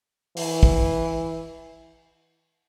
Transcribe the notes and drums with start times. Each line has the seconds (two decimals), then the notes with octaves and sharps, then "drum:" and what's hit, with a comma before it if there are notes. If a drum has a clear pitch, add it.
0.36 E3, drum: open hi-hat
0.63 drum: kick